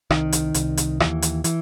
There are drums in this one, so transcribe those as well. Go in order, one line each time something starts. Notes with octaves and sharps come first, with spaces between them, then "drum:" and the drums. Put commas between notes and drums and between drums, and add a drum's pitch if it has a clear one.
C2 D#3, drum: rim click
drum: hi-hat
C2, drum: hi-hat
drum: hi-hat
D#2 E3, drum: rim click
drum: hi-hat
E3, drum: hi-hat